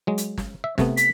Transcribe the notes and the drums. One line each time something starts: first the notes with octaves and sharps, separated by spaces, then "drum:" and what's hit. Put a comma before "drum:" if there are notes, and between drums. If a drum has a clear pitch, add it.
F#3 G#3
drum: hi-hat
drum: snare
E5
C3 A3 B3, drum: snare
B6, drum: hi-hat